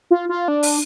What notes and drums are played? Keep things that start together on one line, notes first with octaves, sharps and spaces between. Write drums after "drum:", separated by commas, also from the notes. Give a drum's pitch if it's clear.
F4
F4
D4
drum: open hi-hat